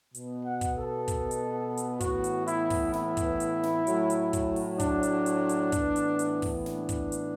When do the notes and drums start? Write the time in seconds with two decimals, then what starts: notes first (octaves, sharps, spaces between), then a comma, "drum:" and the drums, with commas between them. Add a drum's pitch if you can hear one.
0.15 B2 B3, drum: hi-hat
0.46 F#5
0.61 drum: kick, hi-hat
0.77 A4
1.08 drum: kick, hi-hat
1.31 drum: hi-hat
1.77 drum: hi-hat
2.00 A2 E3 B3 F#4, drum: kick, hi-hat
2.24 drum: hi-hat
2.47 E4, drum: hi-hat
2.70 drum: kick, open hi-hat
2.93 E4, drum: snare
3.17 drum: kick, hi-hat
3.40 drum: hi-hat
3.63 drum: snare
3.87 A2 F#3 A3, drum: hi-hat
4.10 drum: hi-hat
4.33 drum: kick, hi-hat
4.56 drum: open hi-hat
4.80 D4, drum: kick, hi-hat
5.03 drum: hi-hat
5.26 drum: hi-hat
5.49 drum: hi-hat
5.72 A2 E3 B3, drum: kick, hi-hat
5.96 drum: hi-hat
6.19 drum: hi-hat
6.42 drum: kick, open hi-hat
6.66 D4, drum: snare
6.89 drum: kick, hi-hat
7.12 drum: hi-hat